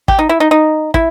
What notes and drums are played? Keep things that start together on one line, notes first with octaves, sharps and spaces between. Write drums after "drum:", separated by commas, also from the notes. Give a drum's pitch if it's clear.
G4, drum: kick
D#4
E4
D#4
D#4
E4, drum: kick